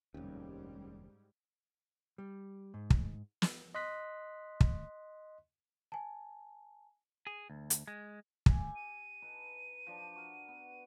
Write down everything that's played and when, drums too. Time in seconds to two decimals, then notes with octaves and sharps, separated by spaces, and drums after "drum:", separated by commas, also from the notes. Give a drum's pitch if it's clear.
0.14 F1 D#2 G#2 G3 C#4
2.18 G3
2.74 G#2
2.90 drum: kick
3.42 drum: snare
3.75 D#5 C6 F#6 B6
4.61 drum: kick
5.92 G#5 A5
7.27 G#4
7.50 D2
7.70 drum: hi-hat
7.88 G#3
8.46 G4 E5 G#5, drum: kick
8.76 D#7
9.22 D#4 A4 B4
9.87 F3 D4
10.16 F#4 A#4
10.48 B3